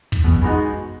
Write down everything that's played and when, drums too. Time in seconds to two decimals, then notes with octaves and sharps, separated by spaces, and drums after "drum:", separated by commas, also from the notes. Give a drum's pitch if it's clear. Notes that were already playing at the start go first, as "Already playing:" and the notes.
0.12 drum: kick
0.24 E2 B2
0.36 F#2
0.42 G#3 B3 D#4 F#4